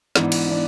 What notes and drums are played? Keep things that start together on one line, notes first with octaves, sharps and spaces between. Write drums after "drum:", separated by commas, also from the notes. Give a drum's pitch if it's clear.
G#2 E3 B3 D4, drum: snare
drum: cymbal
E3 B3 D4